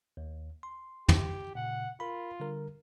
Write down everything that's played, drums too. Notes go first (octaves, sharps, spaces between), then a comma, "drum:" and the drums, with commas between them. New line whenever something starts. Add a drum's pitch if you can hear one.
D#2
C6
G4, drum: tom
A#2 C#3 F#5
F4 A#4 B5
D3 G3 A#4